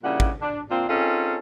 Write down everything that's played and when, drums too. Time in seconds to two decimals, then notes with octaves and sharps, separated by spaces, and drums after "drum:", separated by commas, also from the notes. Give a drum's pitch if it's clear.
0.03 A#2 C#3 G3 D4 E4 F#5
0.20 drum: kick
0.41 D4
0.70 A#3 C4 D4 F4
0.89 C4 C#4 D#4 F4 G#4 A4